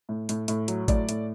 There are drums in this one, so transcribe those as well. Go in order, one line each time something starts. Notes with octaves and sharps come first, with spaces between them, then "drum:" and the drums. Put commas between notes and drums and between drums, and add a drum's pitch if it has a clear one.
A2
A2, drum: hi-hat
A2, drum: hi-hat
F#3, drum: hi-hat
A2 D5, drum: kick, hi-hat
A2, drum: hi-hat